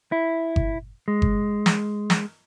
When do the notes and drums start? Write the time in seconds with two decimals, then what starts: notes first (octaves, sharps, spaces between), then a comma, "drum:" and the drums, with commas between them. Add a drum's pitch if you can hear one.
0.12 E4
0.56 drum: kick G1
1.08 G#3
1.22 drum: kick G1
1.66 drum: snare
2.10 drum: snare